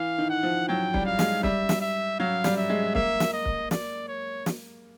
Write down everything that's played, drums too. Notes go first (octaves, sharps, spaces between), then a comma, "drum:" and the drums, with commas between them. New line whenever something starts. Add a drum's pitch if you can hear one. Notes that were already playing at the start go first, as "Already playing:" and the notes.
Already playing: E3 F5
D#3
F#5
F3
F#3 G5
G3, drum: kick
F5
G#3, drum: snare
G3 E5, drum: kick
drum: snare
E5
F#3 F5
G3, drum: snare
E5
G#3
A#3 E5, drum: kick
drum: snare
D#5
drum: kick
D5, drum: snare
C#5
drum: snare